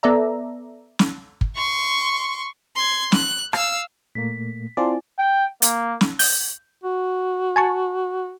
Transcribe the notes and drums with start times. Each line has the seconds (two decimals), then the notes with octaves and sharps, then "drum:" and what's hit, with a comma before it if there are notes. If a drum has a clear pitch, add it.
0.03 B3 A4 D5 E5 A#5
0.99 drum: snare
1.41 drum: kick
1.56 C6 C#6
2.76 C6 G#6
3.12 F#6, drum: snare
3.53 F5 E6, drum: rim click
4.15 A#2 A3 A#3 B6
4.77 C4 E4 F4 D5 G#5 A5 C6
5.18 G5
5.62 A#3, drum: hi-hat
6.01 drum: snare
6.19 G6, drum: open hi-hat
6.84 F#4
7.56 G#5 A5 C#6